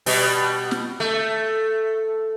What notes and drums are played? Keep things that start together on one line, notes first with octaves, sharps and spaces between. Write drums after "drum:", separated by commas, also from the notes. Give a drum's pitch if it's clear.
B2 G3, drum: open hi-hat
drum: snare
A3